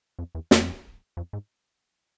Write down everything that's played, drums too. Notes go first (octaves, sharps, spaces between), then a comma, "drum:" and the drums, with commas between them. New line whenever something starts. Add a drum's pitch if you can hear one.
F2
E2
F2, drum: snare
F2
G#2